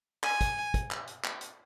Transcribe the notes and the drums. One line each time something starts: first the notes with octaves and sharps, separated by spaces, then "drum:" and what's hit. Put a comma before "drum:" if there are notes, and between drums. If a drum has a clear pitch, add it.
G#5, drum: clap
drum: kick, hi-hat
drum: kick, hi-hat
drum: clap
drum: hi-hat
drum: clap
drum: hi-hat